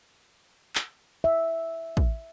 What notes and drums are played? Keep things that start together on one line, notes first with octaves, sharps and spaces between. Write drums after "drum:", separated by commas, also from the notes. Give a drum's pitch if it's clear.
drum: clap
E5
drum: kick